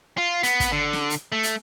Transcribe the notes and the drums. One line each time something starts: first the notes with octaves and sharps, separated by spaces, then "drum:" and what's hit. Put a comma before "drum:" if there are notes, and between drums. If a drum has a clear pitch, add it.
F4
B3, drum: hi-hat
drum: kick, hi-hat
D3
drum: snare
drum: hi-hat
A3
drum: hi-hat